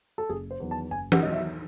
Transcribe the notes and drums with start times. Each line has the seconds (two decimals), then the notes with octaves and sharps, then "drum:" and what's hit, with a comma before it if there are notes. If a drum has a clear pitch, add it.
0.18 A4
0.29 F#1 G#4
0.51 C5
0.60 E2 D#3 F#3
0.71 A5
0.91 F#1 G#5
1.12 F#5, drum: tom E3
1.22 E2 D#3 F#3 D#5
1.32 E5